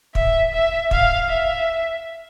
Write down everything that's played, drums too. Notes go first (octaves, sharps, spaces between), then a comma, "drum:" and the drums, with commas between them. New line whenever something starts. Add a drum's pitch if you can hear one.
E5, drum: kick
E5
F5, drum: kick
E5